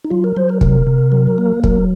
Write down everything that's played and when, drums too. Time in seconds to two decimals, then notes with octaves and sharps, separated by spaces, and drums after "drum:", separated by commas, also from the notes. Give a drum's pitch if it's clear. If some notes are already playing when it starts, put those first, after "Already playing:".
0.05 D#4
0.10 F#3 F4
0.24 A#4
0.36 F#3 C5
0.49 A#4
0.61 C3 A#4, drum: kick
0.87 C3
1.12 F#3
1.38 A#3
1.64 F#3 A#4, drum: kick